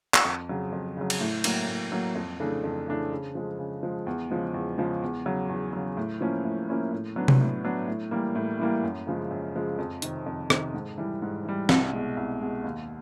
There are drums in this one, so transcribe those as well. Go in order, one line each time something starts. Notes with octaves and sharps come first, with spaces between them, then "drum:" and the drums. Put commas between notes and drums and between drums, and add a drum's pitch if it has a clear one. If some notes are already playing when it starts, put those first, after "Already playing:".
drum: clap
F2
C#3 F#3
F2
C#3 F#3
drum: cymbal
A2
F#3 A#3, drum: cymbal
A2
F#3 A#3
F2
C#3 E3 A3 D4
F2
C#3 E3 A3 D4
C#3
F3 G#3
C#3
F3 G#3
E2
C#3 F3 G#3
E2
C#3 F3 G#3
E2
C#3 F#3
E2
C#3 F#3
A2
F3 A#3 C#4 E4
A2
F3 A#3 C#4 E4
A2
F#3 B3 D4
drum: tom C3
A2
F#3 B3 D4
A2
E3 G3 A#3
A2
E3 G3 A#3
F#2
C#3 F3 G#3
F#2
C#3 F3 G#3
F2
C3 D#3, drum: hi-hat
F2
C3 D#3, drum: rim click
G#2
E3 G3
G#2
E3 G3
C2, drum: snare
B2 G#3
C2
B2 G#3
D#2